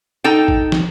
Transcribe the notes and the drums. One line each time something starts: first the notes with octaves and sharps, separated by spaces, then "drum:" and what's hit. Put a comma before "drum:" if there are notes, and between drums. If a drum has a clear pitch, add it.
D#4 A4 G5
drum: kick
drum: snare